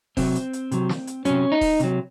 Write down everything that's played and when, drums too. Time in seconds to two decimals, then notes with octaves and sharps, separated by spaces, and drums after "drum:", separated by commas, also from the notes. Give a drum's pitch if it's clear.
0.17 C3 F#3 C4, drum: kick D#1, open hi-hat
0.35 drum: hi-hat
0.53 drum: hi-hat
0.72 C3 F#3, drum: hi-hat
0.89 drum: snare
1.07 drum: hi-hat
1.25 C3 F#3 C#4, drum: hi-hat
1.52 D#4
1.61 drum: kick D#1, open hi-hat
1.80 C3 F#3, drum: hi-hat